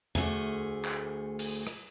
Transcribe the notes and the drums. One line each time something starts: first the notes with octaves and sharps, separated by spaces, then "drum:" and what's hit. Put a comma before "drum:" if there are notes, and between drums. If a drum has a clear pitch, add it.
D2 A3 G#4, drum: tom E2
drum: clap
drum: cymbal
drum: rim click